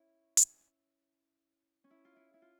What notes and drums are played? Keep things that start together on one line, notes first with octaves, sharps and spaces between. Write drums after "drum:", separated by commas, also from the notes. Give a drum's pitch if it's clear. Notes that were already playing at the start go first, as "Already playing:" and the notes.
Already playing: C#4 E4
drum: hi-hat
C#4
E4
F4
E4
E4
F4